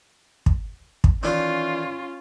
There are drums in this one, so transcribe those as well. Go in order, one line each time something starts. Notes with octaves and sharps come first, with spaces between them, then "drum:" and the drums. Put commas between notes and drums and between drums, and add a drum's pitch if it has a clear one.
drum: kick
drum: kick
D#3 E3 C#4 D4 F4